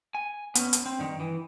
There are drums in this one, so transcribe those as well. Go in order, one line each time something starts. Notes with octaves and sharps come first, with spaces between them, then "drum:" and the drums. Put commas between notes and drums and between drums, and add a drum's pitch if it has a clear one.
G#5
B3 C#4, drum: hi-hat
drum: hi-hat
C4
G2 D#3
E3